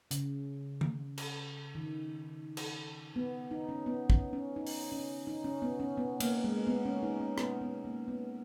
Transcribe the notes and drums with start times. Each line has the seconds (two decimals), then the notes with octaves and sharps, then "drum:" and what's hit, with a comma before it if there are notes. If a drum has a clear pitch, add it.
0.11 C#3, drum: hi-hat
0.81 drum: tom D#3
1.17 drum: cymbal
1.75 D#3
2.57 drum: cymbal
3.16 B3
3.51 D#4
3.69 C#4
3.86 B3
4.10 C#4, drum: kick
4.33 C#4
4.56 D#4
4.66 drum: open hi-hat
4.92 C#4
5.27 D#4
5.44 C#4
5.62 B3
5.80 C#4
5.97 B3
6.20 A#3, drum: cymbal
6.44 G#3
6.67 B3
6.85 C#4
7.03 D#4
7.20 C#4
7.38 B3, drum: rim click
7.61 B3
7.85 A#3
8.08 B3